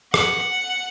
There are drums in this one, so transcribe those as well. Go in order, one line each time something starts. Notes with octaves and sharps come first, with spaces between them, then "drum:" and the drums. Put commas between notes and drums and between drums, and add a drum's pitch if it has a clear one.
F#5, drum: rim click